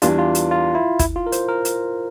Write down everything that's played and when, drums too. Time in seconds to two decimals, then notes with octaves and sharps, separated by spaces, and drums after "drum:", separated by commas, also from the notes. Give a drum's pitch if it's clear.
0.02 E2 E3 G3 D4 F4, drum: hi-hat
0.19 F4
0.35 drum: hi-hat
0.51 F4
0.75 E4
0.99 E4, drum: kick, hi-hat
1.16 F4
1.27 A#4
1.32 C5, drum: hi-hat
1.48 A#4
1.65 drum: hi-hat